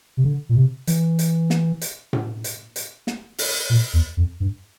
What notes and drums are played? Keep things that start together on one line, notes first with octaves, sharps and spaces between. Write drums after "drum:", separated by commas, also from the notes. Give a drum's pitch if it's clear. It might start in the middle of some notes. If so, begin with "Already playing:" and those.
C3
D3
A#2
C3
E3, drum: hi-hat
drum: hi-hat
drum: snare
drum: hi-hat
drum: tom A2
drum: hi-hat
drum: hi-hat
drum: snare
drum: open hi-hat
A#2
E2
F2
G2